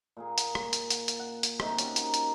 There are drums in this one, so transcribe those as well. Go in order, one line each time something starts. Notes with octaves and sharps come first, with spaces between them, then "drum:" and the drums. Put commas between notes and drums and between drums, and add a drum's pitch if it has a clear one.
A#2 A#3 G#4
drum: hi-hat
drum: rim click
drum: hi-hat
drum: hi-hat
drum: hi-hat
F#5
drum: hi-hat
C3 D#4, drum: rim click
C#4 F#4 G4, drum: hi-hat
A#4, drum: hi-hat
drum: hi-hat